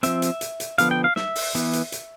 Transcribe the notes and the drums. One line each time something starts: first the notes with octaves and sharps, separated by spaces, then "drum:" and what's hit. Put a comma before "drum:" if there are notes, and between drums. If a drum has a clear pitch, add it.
F3 C4 E5, drum: hi-hat
drum: hi-hat
drum: hi-hat
drum: hi-hat
D3 F3 B3 F5, drum: hi-hat
G5
F5
E5, drum: snare
drum: open hi-hat
E3 B3, drum: hi-hat
drum: hi-hat
drum: hi-hat